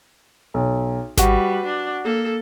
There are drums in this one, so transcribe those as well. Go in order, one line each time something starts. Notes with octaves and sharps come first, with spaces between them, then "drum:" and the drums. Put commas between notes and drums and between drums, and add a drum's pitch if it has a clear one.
B1
G3 F#4 B4 F#5, drum: snare G#1
D4
A#3 A4